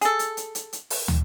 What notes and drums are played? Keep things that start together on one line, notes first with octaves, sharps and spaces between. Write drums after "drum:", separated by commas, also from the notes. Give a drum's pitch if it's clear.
G#4 A4, drum: hi-hat
drum: hi-hat
drum: hi-hat
drum: hi-hat
drum: hi-hat
drum: open hi-hat
drum: tom